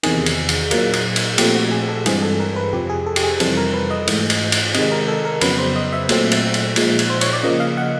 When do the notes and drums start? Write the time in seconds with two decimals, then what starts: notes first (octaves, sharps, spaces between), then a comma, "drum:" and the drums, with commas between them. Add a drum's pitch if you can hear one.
0.03 E2 C3 D#3 G#4, drum: cymbal
0.26 drum: cymbal
0.49 drum: cymbal
0.71 A#2 F#3 A#3, drum: cymbal
0.93 drum: cymbal
1.16 drum: cymbal
1.38 A#2 F3 A3 C4 G4, drum: cymbal
1.55 F#4
1.71 G#4
1.89 A4
2.06 G2 E3 G#3 C4 G#4, drum: cymbal
2.22 A4
2.40 A#4
2.56 B4
2.73 F2 C3 F3 G4
2.90 G#4
3.06 A4
3.16 G4, drum: cymbal
3.23 G#4
3.40 F2 C3 E3 G3 C4 A4, drum: cymbal
3.57 A#4
3.74 B4
3.91 D#5
4.07 G#2 E3 A3, drum: cymbal
4.30 drum: cymbal
4.52 drum: cymbal
4.74 C3 D#3 G#3 D#5, drum: cymbal
4.91 A#4
5.08 A4
5.25 A#4
5.41 F2 C#3 F#3 B3 B4, drum: cymbal
5.58 C5
5.76 D#5
5.93 E5
6.09 A#2 F#3 A3 C4, drum: cymbal
6.31 drum: cymbal
6.54 drum: cymbal
6.76 A#2 F3 G#3, drum: cymbal
6.99 drum: cymbal
7.10 C5
7.21 C#5, drum: cymbal
7.33 D5
7.43 C#3 F3 A#3 D#5
7.60 F5
7.77 F#5